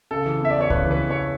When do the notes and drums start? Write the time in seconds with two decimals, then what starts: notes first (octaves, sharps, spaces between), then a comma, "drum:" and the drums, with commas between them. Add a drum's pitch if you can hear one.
0.11 C#3 A4
0.26 E3
0.40 E2 E5
0.50 D5
0.56 E2 C#5
0.70 C#3 B4, drum: kick C#2
0.85 E3
0.91 B4
1.00 E2
1.10 C#5